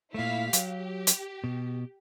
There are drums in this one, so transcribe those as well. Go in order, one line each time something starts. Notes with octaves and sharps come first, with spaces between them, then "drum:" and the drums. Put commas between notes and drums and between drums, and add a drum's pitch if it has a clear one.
A#2 A3 E4 F5 B6
F#3 G4, drum: hi-hat
drum: hi-hat
B2